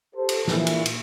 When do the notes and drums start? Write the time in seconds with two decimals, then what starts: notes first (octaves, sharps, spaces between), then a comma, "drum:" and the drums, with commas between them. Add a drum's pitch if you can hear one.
0.15 G4 A4 C5
0.29 drum: cymbal
0.48 A#2 E3, drum: snare
0.67 drum: cymbal
0.86 drum: cymbal